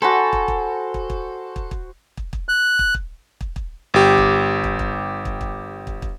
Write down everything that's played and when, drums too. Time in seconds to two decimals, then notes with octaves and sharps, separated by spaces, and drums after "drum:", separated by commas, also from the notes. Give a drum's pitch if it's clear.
0.02 F#4 A4 C5 G#5 B5
0.33 drum: kick
0.48 drum: kick
0.94 drum: kick
1.10 drum: kick
1.56 drum: kick
1.71 drum: kick
2.17 drum: kick
2.33 drum: kick
2.49 F#6
2.79 drum: kick
2.94 drum: kick
3.41 drum: kick
3.56 drum: kick
3.94 G1 G4
4.18 drum: kick
4.64 drum: kick
4.79 drum: kick
5.25 drum: kick
5.41 drum: kick
5.87 drum: kick
6.02 drum: kick